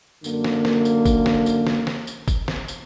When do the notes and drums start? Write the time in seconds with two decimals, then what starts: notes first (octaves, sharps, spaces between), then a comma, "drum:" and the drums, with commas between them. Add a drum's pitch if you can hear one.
0.24 F#2 D3 A#3, drum: tambourine
0.44 drum: snare
0.65 drum: snare
0.85 drum: tambourine
1.06 drum: kick, tambourine
1.26 drum: snare
1.46 drum: tambourine
1.67 drum: snare
1.87 drum: snare
2.07 drum: tambourine
2.28 drum: kick, tambourine
2.48 drum: snare
2.68 drum: tambourine